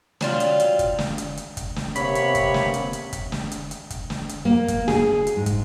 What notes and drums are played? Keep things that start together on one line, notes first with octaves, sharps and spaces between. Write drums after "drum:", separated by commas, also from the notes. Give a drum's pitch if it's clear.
F#3 G3 F4, drum: snare
drum: hi-hat
drum: hi-hat
drum: kick, hi-hat
drum: snare
drum: hi-hat
drum: hi-hat
drum: kick, hi-hat
drum: snare
C3 A#3 B3 C#5 B5, drum: hi-hat
drum: hi-hat
drum: kick, hi-hat
drum: snare
drum: hi-hat
drum: hi-hat
drum: kick, hi-hat
drum: snare
drum: hi-hat
drum: hi-hat
drum: kick, hi-hat
drum: snare
drum: hi-hat
A#3
drum: kick, hi-hat
G#4, drum: snare
drum: hi-hat
G#2
drum: kick, hi-hat